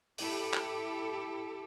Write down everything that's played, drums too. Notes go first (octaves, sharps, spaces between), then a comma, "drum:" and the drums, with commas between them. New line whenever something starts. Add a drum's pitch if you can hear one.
E4 G4 A4, drum: open hi-hat
drum: clap